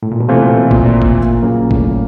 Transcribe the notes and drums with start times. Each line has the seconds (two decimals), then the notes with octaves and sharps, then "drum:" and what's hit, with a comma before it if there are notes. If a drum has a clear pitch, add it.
0.03 A2
0.12 A#2
0.20 B2
0.28 C3 E3 A3 C4 F4
0.43 A#2
0.57 B2
0.71 A#2, drum: kick G#1
0.85 A#2
1.02 drum: kick G#1
1.42 C#3 F#3 A#3
1.71 A2, drum: kick G#1